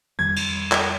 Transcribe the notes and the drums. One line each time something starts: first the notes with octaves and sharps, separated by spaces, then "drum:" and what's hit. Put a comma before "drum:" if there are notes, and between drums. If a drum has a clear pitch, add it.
F2 D#3 G3 G#6
drum: cymbal
drum: clap